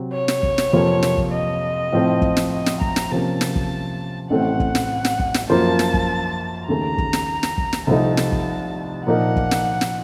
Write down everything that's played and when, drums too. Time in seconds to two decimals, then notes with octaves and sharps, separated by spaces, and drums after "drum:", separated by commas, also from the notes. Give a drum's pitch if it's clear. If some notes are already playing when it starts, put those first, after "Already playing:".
Already playing: C3 F#3 C4
0.13 C#5
0.28 drum: snare
0.43 drum: kick
0.58 drum: snare
0.73 F2 C3 F3 A#3 F4
1.03 drum: snare
1.17 drum: kick
1.32 D#5
1.92 A2 F3 C4
2.22 drum: kick
2.37 drum: snare
2.51 D#5
2.66 drum: snare
2.81 A#5, drum: kick
2.96 drum: snare
3.11 C3 F3 A#3 C#4 A5
3.41 drum: snare
3.56 drum: kick
4.30 A1 A2 A3 C4 F#5
4.60 drum: kick
4.75 drum: snare
5.05 drum: snare
5.19 drum: kick
5.34 drum: snare
5.49 F#2 F3 A#3 F4 C5 A5
5.79 drum: snare
5.94 drum: kick
6.68 D#2 C#3 A3 A#5
6.98 drum: kick
7.13 drum: snare
7.43 drum: snare
7.58 drum: kick
7.73 drum: snare
7.87 C2 C3 F3 A3 D#4 A5
8.17 drum: snare
8.32 drum: kick
9.07 A#2 F3 A#3 D#4 A#4 F#5
9.36 drum: kick
9.51 drum: snare
9.81 drum: snare